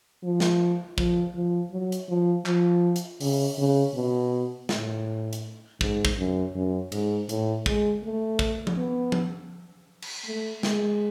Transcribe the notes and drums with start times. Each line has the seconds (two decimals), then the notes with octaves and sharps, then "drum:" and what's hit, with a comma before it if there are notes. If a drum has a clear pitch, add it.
0.23 F3
0.40 drum: snare
0.98 F3, drum: kick
1.35 F3
1.72 F#3
1.92 drum: hi-hat
2.09 F3
2.46 F3, drum: clap
2.96 drum: hi-hat
3.20 C#3, drum: open hi-hat
3.58 C#3
3.95 B2
4.69 A2, drum: snare
5.33 drum: hi-hat
5.81 G#2, drum: kick
6.05 drum: kick
6.18 F#2
6.55 F#2
6.92 G#2, drum: cymbal
7.29 A2, drum: hi-hat
7.66 G#3, drum: kick
8.04 A3
8.39 drum: kick
8.67 drum: tom F3
8.77 B3
9.12 drum: tom F3
10.02 drum: cymbal
10.26 A3
10.63 G#3, drum: snare